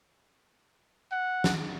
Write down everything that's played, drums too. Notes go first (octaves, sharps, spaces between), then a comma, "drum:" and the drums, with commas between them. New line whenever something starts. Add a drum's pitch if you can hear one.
F#5
drum: snare